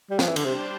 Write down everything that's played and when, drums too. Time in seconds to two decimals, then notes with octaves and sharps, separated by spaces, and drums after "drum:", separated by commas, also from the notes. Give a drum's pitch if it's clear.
0.10 G3
0.19 F3, drum: snare
0.27 E3
0.36 D3, drum: cymbal
0.44 C3 G3 D4 G4 C5